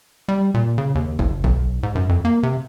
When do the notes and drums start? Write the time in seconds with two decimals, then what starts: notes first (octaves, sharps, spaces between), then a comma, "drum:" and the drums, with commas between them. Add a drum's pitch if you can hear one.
0.28 G3
0.54 A#2
0.78 C#3
0.95 D#2
1.19 F#1, drum: kick
1.44 B1, drum: kick
1.83 G#2
1.95 F#2
2.09 F2
2.25 A#3
2.43 C3